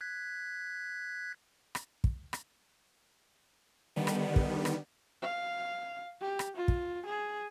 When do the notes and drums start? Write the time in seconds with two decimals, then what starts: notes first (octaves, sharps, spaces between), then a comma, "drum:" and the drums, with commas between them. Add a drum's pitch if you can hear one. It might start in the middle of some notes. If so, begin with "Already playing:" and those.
0.01 F#6 G#6 B6
1.75 drum: rim click
2.04 drum: kick
2.33 drum: rim click
3.96 D3 D#3 G3 B3
4.07 drum: rim click
4.36 drum: kick
4.65 drum: rim click
5.22 F5
6.21 G4
6.39 drum: rim click
6.56 F4
6.68 drum: kick
7.06 G#4